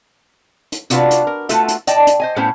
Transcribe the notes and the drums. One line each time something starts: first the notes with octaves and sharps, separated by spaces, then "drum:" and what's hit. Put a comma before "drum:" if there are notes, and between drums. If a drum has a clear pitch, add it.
drum: hi-hat
C3 D4 F4 F#4 B4, drum: hi-hat
drum: hi-hat
A#4
A3 F4 F#4 A4 E5, drum: hi-hat
drum: hi-hat
D5 D#5 G5 A5, drum: hi-hat
drum: hi-hat
C5 D#5 G#5
A2 B3 C#4 E4 C5 A5